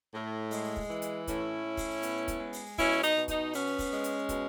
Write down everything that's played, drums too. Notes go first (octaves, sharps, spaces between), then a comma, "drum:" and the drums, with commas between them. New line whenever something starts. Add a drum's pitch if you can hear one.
A2
G#3, drum: open hi-hat
drum: kick
E3
drum: hi-hat
A2 C#4 E4, drum: kick, hi-hat
A2
drum: kick, open hi-hat
B3, drum: hi-hat
drum: kick, hi-hat
G#3
drum: open hi-hat
B2 C#4 E4, drum: kick, open hi-hat
D#4, drum: hi-hat
B2
D#4, drum: kick, hi-hat
B3 C#4, drum: open hi-hat
drum: kick, open hi-hat
G#3
drum: hi-hat
B2, drum: kick, hi-hat